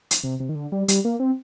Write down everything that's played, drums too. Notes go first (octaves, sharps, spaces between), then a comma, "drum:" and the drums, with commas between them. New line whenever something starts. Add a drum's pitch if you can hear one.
drum: hi-hat
C3
C3
D#3
D3
G3
G3, drum: hi-hat
A#3
C4